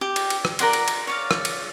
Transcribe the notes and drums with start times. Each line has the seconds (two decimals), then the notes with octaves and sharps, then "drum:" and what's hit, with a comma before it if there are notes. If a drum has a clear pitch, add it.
0.01 G4
0.16 drum: cymbal
0.30 drum: cymbal
0.45 drum: rim click
0.59 A#4 D5 F#5 C6, drum: cymbal
0.73 drum: cymbal
0.88 drum: cymbal
1.07 C#5 D5 F5
1.31 drum: rim click
1.45 drum: cymbal